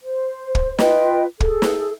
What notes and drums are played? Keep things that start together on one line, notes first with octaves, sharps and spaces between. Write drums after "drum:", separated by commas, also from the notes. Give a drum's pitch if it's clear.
C5
drum: kick
F4 B4 D#5 G5, drum: snare
G#4 A4, drum: kick
drum: snare